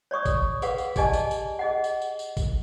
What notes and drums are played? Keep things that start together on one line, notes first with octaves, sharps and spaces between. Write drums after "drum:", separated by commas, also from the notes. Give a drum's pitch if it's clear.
C#5 D5 C#6 D#6
drum: kick, tambourine
G#4 A#4 B4 F5 F#5, drum: tambourine
drum: tambourine
G4 G#4 D5 D#5 G#5 A5, drum: kick, tambourine
drum: tambourine
drum: tambourine
G#4 D#5 F#5
drum: tambourine
drum: tambourine
drum: tambourine
drum: kick, tambourine